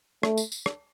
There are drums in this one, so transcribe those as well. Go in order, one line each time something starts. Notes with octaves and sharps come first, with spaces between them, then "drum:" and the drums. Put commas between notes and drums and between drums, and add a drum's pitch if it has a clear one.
A3, drum: rim click
drum: tambourine
drum: tambourine
drum: rim click